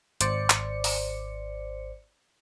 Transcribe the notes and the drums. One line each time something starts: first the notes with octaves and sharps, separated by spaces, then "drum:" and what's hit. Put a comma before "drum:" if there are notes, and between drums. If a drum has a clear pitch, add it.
G#1 C5 D5 C#7, drum: hi-hat
drum: clap
drum: open hi-hat